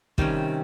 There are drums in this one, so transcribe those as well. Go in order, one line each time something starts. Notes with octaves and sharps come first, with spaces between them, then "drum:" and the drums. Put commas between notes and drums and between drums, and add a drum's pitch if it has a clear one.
C3 D#3 G3 C#4, drum: kick